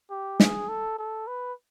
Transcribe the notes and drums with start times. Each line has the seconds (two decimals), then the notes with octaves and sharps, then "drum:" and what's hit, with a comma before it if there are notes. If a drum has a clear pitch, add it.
0.10 G4
0.40 G#4, drum: snare
0.69 A4
0.98 A4
1.27 B4